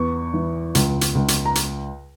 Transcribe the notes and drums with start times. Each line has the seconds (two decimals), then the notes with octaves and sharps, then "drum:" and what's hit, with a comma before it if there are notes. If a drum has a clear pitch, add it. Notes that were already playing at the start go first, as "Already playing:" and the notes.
Already playing: E2 B3 C#6
0.34 E3
0.75 C#2, drum: hi-hat
1.01 drum: hi-hat
1.15 C#2
1.28 drum: hi-hat
1.45 A#5
1.55 drum: hi-hat